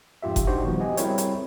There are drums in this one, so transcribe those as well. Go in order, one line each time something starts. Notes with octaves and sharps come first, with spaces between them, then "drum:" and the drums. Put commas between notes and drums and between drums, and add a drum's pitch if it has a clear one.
F2 G#2 F4 G4 E5
drum: kick F#1, hi-hat
D4 D#4 F#4 G4 C5
A#2 D#3 F3 G3 B3
F#4 G4 D#5 G#5
G3 C4 E4 G#4 A#4 C#5, drum: hi-hat
drum: hi-hat